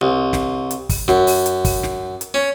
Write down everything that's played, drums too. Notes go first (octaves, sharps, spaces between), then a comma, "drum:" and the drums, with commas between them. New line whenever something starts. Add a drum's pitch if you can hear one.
C2
drum: snare
drum: hi-hat
drum: kick, open hi-hat
F#2, drum: snare
drum: open hi-hat
drum: hi-hat
drum: kick, open hi-hat
drum: snare
drum: hi-hat
C#4